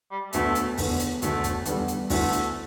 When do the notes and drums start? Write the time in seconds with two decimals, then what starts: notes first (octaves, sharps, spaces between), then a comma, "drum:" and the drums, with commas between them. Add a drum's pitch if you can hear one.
0.11 G3
0.33 E1 D2 D3 A3 B3, drum: hi-hat
0.55 drum: hi-hat
0.78 E1 E2 D3, drum: kick, open hi-hat
0.99 drum: hi-hat
1.22 E1 D2 D3 A3, drum: hi-hat
1.44 drum: kick, hi-hat
1.65 E2 D3 G3, drum: hi-hat
1.88 drum: hi-hat
2.10 D2 D3 A3 B3 E4, drum: kick, open hi-hat
2.32 drum: hi-hat